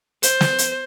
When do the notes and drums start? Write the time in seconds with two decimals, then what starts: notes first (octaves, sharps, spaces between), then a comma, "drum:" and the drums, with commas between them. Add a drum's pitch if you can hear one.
0.23 C5, drum: hi-hat
0.41 drum: snare
0.58 drum: hi-hat